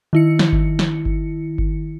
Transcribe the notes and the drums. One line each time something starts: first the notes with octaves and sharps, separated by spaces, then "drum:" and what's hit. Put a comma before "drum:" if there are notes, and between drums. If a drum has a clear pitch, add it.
D#3 E4 C#7
drum: snare
drum: kick G1
drum: snare
drum: kick G1
drum: kick G1